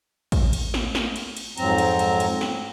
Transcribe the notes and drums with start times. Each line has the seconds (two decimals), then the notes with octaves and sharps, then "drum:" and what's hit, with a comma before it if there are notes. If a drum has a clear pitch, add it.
0.32 drum: kick, cymbal
0.53 drum: cymbal
0.74 drum: snare
0.95 drum: snare
1.16 drum: cymbal
1.37 drum: cymbal
1.57 F2 G#2 F#3 C4 A#5, drum: cymbal
1.78 drum: cymbal
1.99 drum: cymbal
2.20 drum: cymbal
2.41 drum: snare